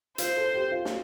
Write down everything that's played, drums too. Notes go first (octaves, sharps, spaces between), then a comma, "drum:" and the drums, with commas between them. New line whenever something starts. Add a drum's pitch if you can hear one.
F4 C5, drum: hi-hat
A4
G4
F4
F4, drum: snare